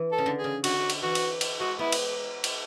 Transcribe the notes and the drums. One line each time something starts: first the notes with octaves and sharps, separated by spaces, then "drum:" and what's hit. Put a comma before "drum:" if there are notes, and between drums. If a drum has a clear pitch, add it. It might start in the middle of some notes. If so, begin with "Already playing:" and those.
Already playing: E3
A4
C#3
D3
G#4
C#3
D3 F#4, drum: cymbal
drum: cymbal
E3 F#4
drum: cymbal
drum: cymbal
G#3 F#4
B3 E4
drum: cymbal
drum: cymbal